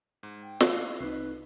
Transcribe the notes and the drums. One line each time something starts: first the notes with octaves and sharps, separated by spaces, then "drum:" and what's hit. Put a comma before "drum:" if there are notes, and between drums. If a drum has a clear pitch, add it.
G#2
G5
drum: snare
E4 F5 F#6
C2 C4 D#4 B4 C7